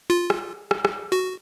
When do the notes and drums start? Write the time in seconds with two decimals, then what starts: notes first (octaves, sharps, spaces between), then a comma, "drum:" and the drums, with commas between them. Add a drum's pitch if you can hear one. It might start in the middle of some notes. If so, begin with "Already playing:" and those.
0.10 F4
0.30 drum: rim click
0.71 drum: rim click
0.85 drum: rim click
1.12 F#4